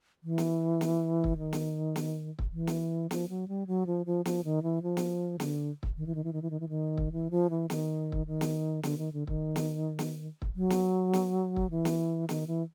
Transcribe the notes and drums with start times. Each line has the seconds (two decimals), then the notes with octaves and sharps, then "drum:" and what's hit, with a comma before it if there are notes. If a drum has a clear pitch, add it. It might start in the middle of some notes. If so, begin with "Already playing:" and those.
0.23 E3
0.38 drum: snare
0.81 drum: snare
1.24 drum: kick
1.38 D#3
1.53 drum: snare
1.96 drum: snare
2.39 drum: kick
2.53 E3
2.67 drum: snare
3.11 F3, drum: snare
3.29 F#3
3.48 G3
3.67 F#3
3.87 F3
4.06 F3
4.25 F3, drum: snare
4.44 D#3
4.63 E3
4.82 F3
4.97 drum: snare
5.40 D3, drum: snare
5.83 drum: kick
5.97 D#3
6.07 E3
6.15 D#3
6.24 E3
6.33 D#3
6.42 E3
6.50 D#3
6.60 E3
6.69 D#3
6.98 drum: kick
7.12 E3
7.31 F3
7.50 E3
7.70 D#3, drum: snare
8.12 drum: kick
8.27 D#3
8.41 drum: snare
8.83 D3, drum: snare
8.98 D#3
9.13 D3
9.27 D#3, drum: kick
9.56 drum: snare
9.99 drum: snare
10.42 drum: kick
10.56 F#3
10.70 drum: snare
11.13 drum: snare
11.56 drum: kick
11.70 E3
11.85 drum: snare
12.29 D#3, drum: snare
12.47 E3